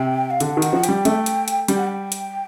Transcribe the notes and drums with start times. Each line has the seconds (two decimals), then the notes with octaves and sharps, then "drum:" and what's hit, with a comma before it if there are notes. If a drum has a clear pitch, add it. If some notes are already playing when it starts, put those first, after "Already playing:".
Already playing: C3 G5
0.31 F5
0.40 D3 F#5, drum: hi-hat
0.57 D#3
0.62 F#5, drum: hi-hat
0.73 F3
0.83 G5, drum: hi-hat
0.89 G3
1.05 A3, drum: hi-hat
1.26 drum: hi-hat
1.48 drum: hi-hat
1.68 G3 G5, drum: hi-hat
1.78 F#5
1.87 G5
2.12 drum: hi-hat